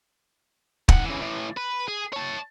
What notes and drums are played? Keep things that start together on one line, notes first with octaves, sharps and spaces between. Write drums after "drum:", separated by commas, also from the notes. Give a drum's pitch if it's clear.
D#3 F#5, drum: kick
C#3 E3
A2 E3
B4
G#4
C#5 A5